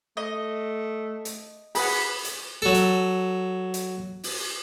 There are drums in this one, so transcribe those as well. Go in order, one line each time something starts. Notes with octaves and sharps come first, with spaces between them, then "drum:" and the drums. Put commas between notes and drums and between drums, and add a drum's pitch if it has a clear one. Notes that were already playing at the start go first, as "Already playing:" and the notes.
A3 D#5
drum: hi-hat
G#4 B4 F#5 B5, drum: open hi-hat
drum: hi-hat
F#3 A4
drum: hi-hat
drum: hi-hat
drum: open hi-hat